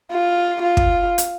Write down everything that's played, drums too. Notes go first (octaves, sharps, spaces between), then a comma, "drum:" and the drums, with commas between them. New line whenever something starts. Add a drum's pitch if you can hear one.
F4
F4
drum: kick
drum: hi-hat